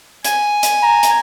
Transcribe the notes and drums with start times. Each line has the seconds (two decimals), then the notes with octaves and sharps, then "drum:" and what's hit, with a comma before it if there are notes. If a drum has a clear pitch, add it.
0.24 G#5, drum: hi-hat
0.63 drum: hi-hat
0.83 A#5
1.03 drum: hi-hat